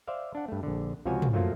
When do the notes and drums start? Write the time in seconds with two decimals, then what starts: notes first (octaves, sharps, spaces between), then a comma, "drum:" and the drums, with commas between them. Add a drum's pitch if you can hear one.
0.08 C5 D5 E5 F5
0.35 D4 F#5
0.48 G2 A3
0.63 A#1 D3
1.05 C#2 C3 F3 F#4 C#5 G#5
1.22 drum: tom
1.33 F3 F#3 A3 A#3 F4